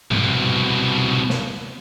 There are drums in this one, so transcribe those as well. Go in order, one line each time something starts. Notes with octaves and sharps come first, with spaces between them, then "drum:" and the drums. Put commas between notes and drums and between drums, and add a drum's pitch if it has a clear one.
C2 B2, drum: tom G#2
drum: snare